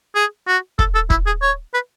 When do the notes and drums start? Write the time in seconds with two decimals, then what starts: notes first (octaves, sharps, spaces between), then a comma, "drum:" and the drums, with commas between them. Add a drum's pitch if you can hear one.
0.15 G#4
0.47 F#4
0.79 A4, drum: kick
0.95 A4
1.10 E4, drum: kick
1.26 G#4
1.42 C#5
1.74 B4